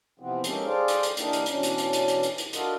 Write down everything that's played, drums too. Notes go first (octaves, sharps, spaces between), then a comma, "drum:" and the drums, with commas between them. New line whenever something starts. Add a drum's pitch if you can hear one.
C3 E3 F3 B3 C4
G#3 A#3 C#4 D#4 G4 A4, drum: hi-hat
G#4 A4 C5 D5 F5 G5
drum: hi-hat
drum: hi-hat
E3 A#3 D4 D#4 G4 A#4, drum: hi-hat
drum: hi-hat
B2 E3 C#4 D4, drum: hi-hat
drum: hi-hat
drum: hi-hat
drum: hi-hat
drum: hi-hat
drum: hi-hat
drum: hi-hat
D4 F4 F#4 A4 A#4 D#5, drum: hi-hat